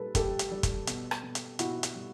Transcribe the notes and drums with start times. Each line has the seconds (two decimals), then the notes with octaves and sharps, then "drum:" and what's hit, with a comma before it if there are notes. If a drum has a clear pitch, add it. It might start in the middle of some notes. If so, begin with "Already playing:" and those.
Already playing: A#2 G3 A4 B4
0.15 G3 G4 A4, drum: kick, hi-hat
0.39 drum: hi-hat
0.51 G3
0.63 drum: kick, hi-hat
0.87 B2, drum: hi-hat
1.11 drum: rim click
1.23 B2
1.35 drum: hi-hat
1.59 B2 E4 F#4, drum: hi-hat
1.83 drum: hi-hat
1.95 G3